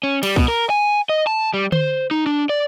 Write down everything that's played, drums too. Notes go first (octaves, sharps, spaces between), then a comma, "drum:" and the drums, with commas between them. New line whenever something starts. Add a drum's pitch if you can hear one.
C#4
G3, drum: cymbal
B2, drum: kick C2
A#4
G#5
D#5
A5
G3
C5, drum: tom D3
D#4
D4
D5